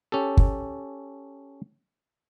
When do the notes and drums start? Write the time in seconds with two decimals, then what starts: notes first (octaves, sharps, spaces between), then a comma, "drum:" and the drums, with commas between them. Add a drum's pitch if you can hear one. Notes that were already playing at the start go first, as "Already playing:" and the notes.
0.12 C#4 G4 A4
0.37 drum: kick